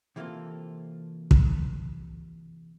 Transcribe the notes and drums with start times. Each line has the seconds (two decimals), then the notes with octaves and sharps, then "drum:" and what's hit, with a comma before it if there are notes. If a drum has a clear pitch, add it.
0.16 C3 E3 A#3 C4 F4 A4
1.31 drum: kick